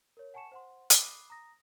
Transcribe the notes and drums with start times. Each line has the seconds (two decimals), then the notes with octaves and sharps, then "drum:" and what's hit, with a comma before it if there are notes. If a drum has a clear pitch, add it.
0.17 A#4 C#5
0.34 F#5 G#5 A5 C#6 C#7 E7
0.52 C5 F#5 C6
0.90 B5 D6 D#6 F#6 C7, drum: hi-hat
1.30 A#5 D#6 A#6